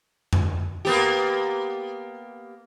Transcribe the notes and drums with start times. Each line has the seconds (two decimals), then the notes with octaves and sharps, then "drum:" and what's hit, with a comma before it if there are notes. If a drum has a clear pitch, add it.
0.33 drum: tom F2
0.85 A#3 B3 G4